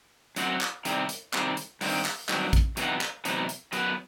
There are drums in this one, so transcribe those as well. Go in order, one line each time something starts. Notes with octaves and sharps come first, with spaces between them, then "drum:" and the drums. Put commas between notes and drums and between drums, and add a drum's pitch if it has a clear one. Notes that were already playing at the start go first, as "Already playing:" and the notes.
F#2 F#3 C4 F#4 C5, drum: hi-hat
drum: clap
C3 D#3 G3 C4, drum: hi-hat
drum: hi-hat
C3 D#3 G3 C4, drum: clap
drum: hi-hat
G2 D#3 F#3 C4, drum: open hi-hat
drum: clap
G2 D#3 F#3 C4, drum: clap
drum: kick, hi-hat
E2 C3 F#3 B3 D#4, drum: hi-hat
drum: clap
E2 C3 F#3 B3 D#4, drum: hi-hat
drum: hi-hat
F#2 F#3 B3 F#4 B4, drum: hi-hat